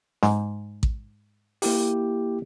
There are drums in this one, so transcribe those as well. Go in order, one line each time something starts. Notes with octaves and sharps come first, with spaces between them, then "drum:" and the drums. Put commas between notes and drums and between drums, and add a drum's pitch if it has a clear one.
G#2, drum: snare
drum: kick A1
A#3 E4 G4, drum: open hi-hat